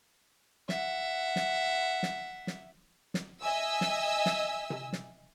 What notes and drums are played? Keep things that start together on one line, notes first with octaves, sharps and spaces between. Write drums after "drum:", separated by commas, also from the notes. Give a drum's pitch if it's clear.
E5 F#5, drum: snare
drum: snare
drum: snare
drum: snare
drum: snare
D#5 E5 G#5 E6
drum: snare
drum: snare
drum: tom C3
drum: snare